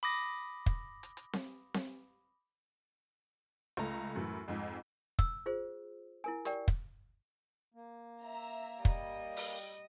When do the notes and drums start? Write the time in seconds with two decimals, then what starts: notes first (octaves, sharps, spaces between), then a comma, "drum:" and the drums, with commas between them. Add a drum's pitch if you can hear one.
0.03 B5 D6 D#6 A#6
0.66 drum: kick
1.03 drum: hi-hat
1.17 drum: hi-hat
1.33 drum: snare C4
1.74 drum: snare C4
3.77 C#2 A3 A#5
4.16 F#2 A2 E3
4.48 F2 G#2
5.19 E6, drum: kick
5.46 F4 G#4 C5
6.24 E4 A#4 G#5
6.45 G4 A#4 D5 G5, drum: hi-hat
6.68 drum: kick
7.74 A#3
8.23 E5 A#5
8.85 G3 D#5, drum: kick
9.36 drum: open hi-hat